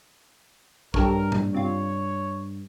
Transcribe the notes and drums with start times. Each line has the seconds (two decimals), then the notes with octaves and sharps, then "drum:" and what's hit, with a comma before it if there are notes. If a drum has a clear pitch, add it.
0.94 G2 G4 A4 A#4 C#5, drum: kick
1.32 drum: tom G#2
1.55 C3 F4 C#5